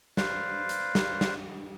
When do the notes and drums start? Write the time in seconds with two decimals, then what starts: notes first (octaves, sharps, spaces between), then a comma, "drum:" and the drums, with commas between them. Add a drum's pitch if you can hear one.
0.17 B4 C5 D5 F5, drum: snare
0.69 drum: hi-hat
0.95 drum: snare
1.21 drum: snare